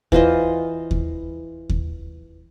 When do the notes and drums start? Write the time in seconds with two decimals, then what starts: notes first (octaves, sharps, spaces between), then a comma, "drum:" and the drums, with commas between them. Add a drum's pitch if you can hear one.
0.12 E3 F4 C5 D#5, drum: kick D#2
0.91 drum: kick D#2
1.69 drum: kick D#2